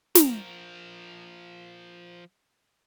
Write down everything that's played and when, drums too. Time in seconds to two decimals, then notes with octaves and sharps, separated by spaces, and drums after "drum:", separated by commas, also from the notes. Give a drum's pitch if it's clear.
0.15 F3 A#4, drum: snare